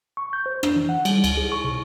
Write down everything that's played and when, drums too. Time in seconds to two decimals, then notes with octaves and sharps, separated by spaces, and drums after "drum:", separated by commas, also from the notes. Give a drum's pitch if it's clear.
0.17 C#6
0.33 G6
0.46 C5
0.63 D4, drum: rim click
0.76 E3
0.89 F#5
1.05 G3, drum: cymbal
1.24 C#2, drum: cymbal
1.37 G#4
1.52 C#6
1.64 C3